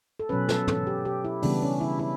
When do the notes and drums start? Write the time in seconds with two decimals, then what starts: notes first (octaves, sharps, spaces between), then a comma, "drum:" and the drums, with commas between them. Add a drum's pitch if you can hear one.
0.20 A4
0.29 B2 F#3 C#4 B4
0.49 A4, drum: snare
0.68 A4, drum: tom
0.87 G4
1.05 G4
1.25 E4
1.42 C#3 E3 G3 B3 D4, drum: open hi-hat
1.62 C#4
1.81 E4
1.99 E4